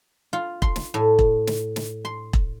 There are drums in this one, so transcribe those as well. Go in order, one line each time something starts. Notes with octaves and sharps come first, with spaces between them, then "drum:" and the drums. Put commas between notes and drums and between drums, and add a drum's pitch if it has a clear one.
F4
C6, drum: kick E1
drum: snare
A2
drum: kick E1
drum: snare
drum: snare
C6
drum: kick E1